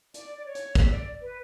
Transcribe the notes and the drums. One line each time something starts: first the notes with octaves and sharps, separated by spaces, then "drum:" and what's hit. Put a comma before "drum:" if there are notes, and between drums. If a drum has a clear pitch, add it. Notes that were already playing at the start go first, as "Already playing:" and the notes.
D5, drum: hi-hat
D5
C#5
drum: hi-hat
E5, drum: kick, hi-hat
D5
B4